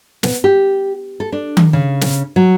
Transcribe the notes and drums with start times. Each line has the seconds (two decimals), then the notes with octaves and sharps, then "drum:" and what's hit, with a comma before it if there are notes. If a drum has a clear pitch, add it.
0.23 B3, drum: snare
0.44 G4
1.20 A4
1.32 D4
1.57 drum: tom D#3
1.73 C#3
2.01 drum: snare
2.36 F#3